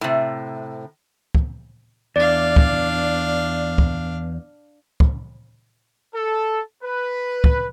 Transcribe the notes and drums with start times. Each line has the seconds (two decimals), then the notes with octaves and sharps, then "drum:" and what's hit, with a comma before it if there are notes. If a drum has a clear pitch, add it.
0.01 A2 C3
1.35 drum: kick
2.16 E2 D4 D5 F5
2.56 drum: kick
3.78 drum: kick
5.00 drum: kick
6.14 A4
6.83 B4
7.44 drum: kick